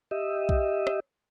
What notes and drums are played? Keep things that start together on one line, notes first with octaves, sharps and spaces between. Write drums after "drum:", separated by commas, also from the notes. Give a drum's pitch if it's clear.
G4 D#5 E5
drum: kick B1
drum: rim click